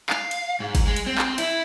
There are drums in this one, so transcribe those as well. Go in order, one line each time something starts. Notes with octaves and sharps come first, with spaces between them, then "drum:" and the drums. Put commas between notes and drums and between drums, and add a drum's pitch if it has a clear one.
F5, drum: clap
drum: cymbal
G#2
drum: kick, cymbal
G#3
drum: cymbal
C4
drum: clap
E4, drum: cymbal